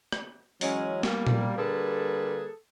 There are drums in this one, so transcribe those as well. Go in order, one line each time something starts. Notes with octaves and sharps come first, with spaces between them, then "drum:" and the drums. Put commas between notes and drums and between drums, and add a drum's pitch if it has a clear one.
drum: rim click
E3 F#3 G#3 C#4, drum: open hi-hat
G3 A#3, drum: snare
drum: tom A#2
D3 G3 A#3 G#4 A4 B4